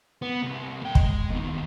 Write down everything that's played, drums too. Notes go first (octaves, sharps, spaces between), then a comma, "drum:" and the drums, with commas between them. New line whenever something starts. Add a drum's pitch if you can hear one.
B3
C2
A#2 G5
G#3, drum: kick
E2 D#3